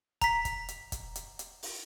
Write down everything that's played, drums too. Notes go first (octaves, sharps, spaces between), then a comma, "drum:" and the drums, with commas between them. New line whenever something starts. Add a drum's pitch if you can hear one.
A#5 B6, drum: kick, hi-hat
drum: kick, hi-hat
drum: hi-hat
drum: kick, hi-hat
drum: hi-hat
drum: hi-hat
drum: open hi-hat